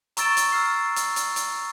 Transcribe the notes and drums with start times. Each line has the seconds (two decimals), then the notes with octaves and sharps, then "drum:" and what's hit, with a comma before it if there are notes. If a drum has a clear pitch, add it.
0.17 A#5 C#6 E6 A6 D7 E7, drum: hi-hat
0.37 drum: hi-hat
0.52 E6 F6 C7
0.96 drum: hi-hat
1.16 drum: hi-hat
1.36 drum: hi-hat